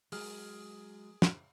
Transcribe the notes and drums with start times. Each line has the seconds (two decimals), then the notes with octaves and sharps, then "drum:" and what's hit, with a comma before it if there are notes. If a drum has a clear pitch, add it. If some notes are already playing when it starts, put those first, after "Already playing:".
0.12 F#3 G#3 G#4 D#6 F6, drum: open hi-hat
1.22 drum: snare